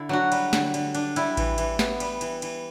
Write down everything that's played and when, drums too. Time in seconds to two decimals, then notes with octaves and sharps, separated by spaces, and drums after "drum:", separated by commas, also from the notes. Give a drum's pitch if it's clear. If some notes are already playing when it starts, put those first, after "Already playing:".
Already playing: D3 E4
0.09 F#3 D4 F#4
0.32 G3, drum: cymbal
0.53 D3, drum: snare
0.74 D3, drum: cymbal
0.95 D4, drum: cymbal
1.16 G3 E4, drum: cymbal
1.37 E3, drum: kick A1, cymbal
1.58 E3, drum: cymbal
1.79 B3, drum: snare
2.00 G3, drum: cymbal
2.21 E3, drum: cymbal
2.42 E3, drum: cymbal